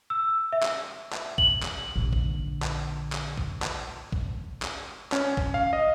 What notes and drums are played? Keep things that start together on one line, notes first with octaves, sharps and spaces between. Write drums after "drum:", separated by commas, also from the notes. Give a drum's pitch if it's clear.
E6
E5
drum: clap
drum: clap
F#7, drum: kick A#1
drum: clap
A#1 D3
drum: kick A#1
drum: clap
drum: clap
drum: kick A#1
drum: clap
drum: kick A#1
drum: clap
C#4, drum: clap
drum: kick A#1
F5
D#5